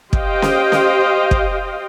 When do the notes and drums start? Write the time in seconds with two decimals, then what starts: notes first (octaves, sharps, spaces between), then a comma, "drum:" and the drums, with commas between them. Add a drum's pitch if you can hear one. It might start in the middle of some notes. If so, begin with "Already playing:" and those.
0.13 G4 C5 D#5 F5 G5, drum: kick
0.42 drum: snare C#4
0.72 drum: snare C#4
1.31 drum: kick